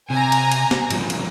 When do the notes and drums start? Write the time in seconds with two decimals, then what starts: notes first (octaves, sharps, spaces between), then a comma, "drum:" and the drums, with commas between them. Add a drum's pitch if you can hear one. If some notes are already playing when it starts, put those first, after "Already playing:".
0.10 C3 G#5 A#5
0.32 drum: cymbal
0.52 drum: cymbal
0.71 drum: snare
0.90 G#2 F3 G3, drum: cymbal
1.10 drum: cymbal